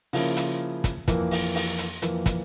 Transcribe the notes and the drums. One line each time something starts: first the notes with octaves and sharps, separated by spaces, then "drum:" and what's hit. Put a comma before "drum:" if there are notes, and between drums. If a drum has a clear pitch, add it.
C#3 F3 A#3 E4, drum: open hi-hat
drum: hi-hat
drum: kick, hi-hat
F2 E3 A#3, drum: kick, hi-hat
drum: open hi-hat
drum: open hi-hat
drum: hi-hat
F2 E3 A#3, drum: hi-hat
drum: kick, hi-hat